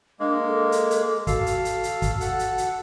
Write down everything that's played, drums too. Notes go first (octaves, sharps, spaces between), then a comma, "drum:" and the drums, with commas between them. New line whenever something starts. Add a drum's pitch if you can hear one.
G#3 A#3 D4
A4
drum: hi-hat
drum: hi-hat
F#4 A4 F5, drum: kick, hi-hat
drum: hi-hat
drum: hi-hat
drum: hi-hat
drum: kick, hi-hat
A4 F#5, drum: hi-hat
drum: hi-hat
drum: hi-hat